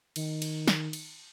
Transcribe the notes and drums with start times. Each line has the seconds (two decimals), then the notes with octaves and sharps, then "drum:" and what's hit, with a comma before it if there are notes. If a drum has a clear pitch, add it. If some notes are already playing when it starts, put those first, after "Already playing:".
0.16 D#3, drum: cymbal
0.42 drum: cymbal
0.68 drum: snare
0.93 drum: cymbal